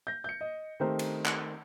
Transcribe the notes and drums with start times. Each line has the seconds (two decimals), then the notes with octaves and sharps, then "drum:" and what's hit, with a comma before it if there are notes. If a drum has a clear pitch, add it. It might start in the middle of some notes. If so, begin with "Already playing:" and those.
0.07 G6 A#6
0.24 G6 C#7
0.41 D#5
0.80 D#3 A3 C4 G4 A#4 C5
0.99 drum: cymbal
1.26 drum: clap